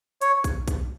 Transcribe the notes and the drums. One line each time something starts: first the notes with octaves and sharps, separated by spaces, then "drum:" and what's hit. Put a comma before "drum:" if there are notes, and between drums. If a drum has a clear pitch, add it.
C#5, drum: hi-hat
drum: kick B1, hi-hat
drum: kick B1, hi-hat